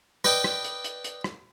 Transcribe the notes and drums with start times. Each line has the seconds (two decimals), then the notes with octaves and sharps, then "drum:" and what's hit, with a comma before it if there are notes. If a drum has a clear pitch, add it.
0.24 B4 D5 D#5 G5 B5, drum: rim click
0.44 drum: rim click
0.64 drum: hi-hat
0.84 drum: hi-hat
1.04 drum: hi-hat
1.24 drum: rim click